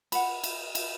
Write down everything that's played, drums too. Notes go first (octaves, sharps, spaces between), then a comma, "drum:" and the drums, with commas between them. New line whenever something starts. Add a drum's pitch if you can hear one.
F#5 B5, drum: cymbal
drum: cymbal
drum: cymbal